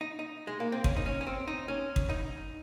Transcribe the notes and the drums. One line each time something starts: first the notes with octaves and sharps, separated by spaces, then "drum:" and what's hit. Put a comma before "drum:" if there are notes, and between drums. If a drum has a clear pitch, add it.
D#4
D#4
G#3
A#3
C4
C#4, drum: kick
D#4
C#4
C#4
C4
D#4
C#4
drum: kick
D#4